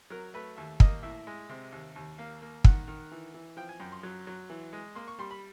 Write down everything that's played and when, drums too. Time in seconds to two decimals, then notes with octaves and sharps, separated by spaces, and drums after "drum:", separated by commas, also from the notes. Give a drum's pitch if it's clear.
0.10 F#3 A#4
0.34 A3 B4
0.57 D#2 E5
0.80 A#3 D#5, drum: kick
1.03 A2 E5
1.27 G#3
1.50 C3
1.72 D#2
1.96 D#2
2.18 A#3 F5
2.42 A#3
2.64 D#3 F#5, drum: kick
2.88 D#3
3.11 E3
3.34 E3
3.57 F3 G5
3.69 G#5
3.80 F#2 G5
3.92 C6
4.03 F#3
4.27 F#3
4.50 E3
4.73 G#3
4.95 A#3 C6
5.08 C#6
5.19 G3 C6
5.31 B5